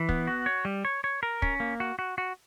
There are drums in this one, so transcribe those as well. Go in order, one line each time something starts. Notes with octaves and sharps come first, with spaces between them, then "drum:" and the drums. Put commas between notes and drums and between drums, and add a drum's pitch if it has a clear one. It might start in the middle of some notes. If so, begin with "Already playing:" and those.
Already playing: E3
B3, drum: kick
F#4
C#5
G3
C#5
C#5
A#4
C#4, drum: kick
A#3
F#4
F#4
F#4